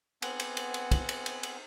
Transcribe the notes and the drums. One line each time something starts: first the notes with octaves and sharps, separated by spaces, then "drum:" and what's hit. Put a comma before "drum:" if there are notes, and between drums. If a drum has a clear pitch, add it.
B3 C4 F#5 G#5, drum: cymbal
drum: cymbal
drum: cymbal
drum: cymbal
drum: kick, cymbal
drum: cymbal
drum: cymbal
drum: cymbal